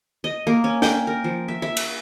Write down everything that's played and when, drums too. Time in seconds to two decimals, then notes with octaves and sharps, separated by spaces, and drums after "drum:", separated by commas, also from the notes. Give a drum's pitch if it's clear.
0.24 D#5
0.47 A#3
0.64 C#4
0.82 G5, drum: snare
1.07 A#4
1.24 F3
1.48 E5
1.62 E5
1.77 drum: cymbal